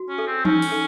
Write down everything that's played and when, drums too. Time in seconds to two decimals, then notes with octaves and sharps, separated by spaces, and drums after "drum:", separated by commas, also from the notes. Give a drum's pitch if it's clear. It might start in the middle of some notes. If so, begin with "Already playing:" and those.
Already playing: F#4
0.09 C#4
0.18 A4
0.27 C4
0.45 C#4 D#4, drum: tom E3
0.62 drum: open hi-hat
0.72 A4